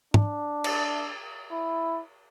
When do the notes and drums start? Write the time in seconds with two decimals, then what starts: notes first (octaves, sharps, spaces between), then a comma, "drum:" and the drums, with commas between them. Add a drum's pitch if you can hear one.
0.14 D4, drum: tom
0.64 drum: cymbal
1.52 E4